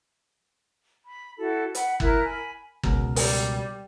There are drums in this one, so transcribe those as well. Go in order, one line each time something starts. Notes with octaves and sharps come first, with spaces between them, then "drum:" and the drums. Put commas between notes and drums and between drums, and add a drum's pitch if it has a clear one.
B5
E4 F#4 A4
F#5 B5, drum: hi-hat
E4 A#4 E5 F#6, drum: kick
G#5 B5
C#2 B2 A#4, drum: kick
G3, drum: open hi-hat